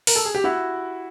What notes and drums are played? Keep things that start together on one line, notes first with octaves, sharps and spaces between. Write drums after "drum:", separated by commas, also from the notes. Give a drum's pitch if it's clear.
A#4, drum: open hi-hat
A4
G#4
G4
E4 F#4